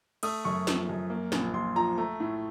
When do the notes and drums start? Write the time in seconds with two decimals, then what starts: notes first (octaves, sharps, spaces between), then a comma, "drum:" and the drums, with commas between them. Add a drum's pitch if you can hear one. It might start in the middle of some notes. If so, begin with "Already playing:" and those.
0.23 A3 D#6, drum: cymbal
0.45 F#2 C#6
0.67 F3, drum: snare
0.89 F#2
1.10 A#3
1.32 A#1, drum: snare
1.54 A#1 C6
1.76 F3 A#5
1.98 A3 A#5
2.20 A2